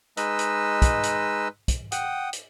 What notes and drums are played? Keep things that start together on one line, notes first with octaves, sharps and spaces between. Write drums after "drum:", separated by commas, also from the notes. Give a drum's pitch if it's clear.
G#3 D#4 B4 D#5 E6, drum: hi-hat
drum: hi-hat
drum: kick, hi-hat
drum: hi-hat
drum: kick, hi-hat
F#5 G5 D#6, drum: hi-hat
drum: hi-hat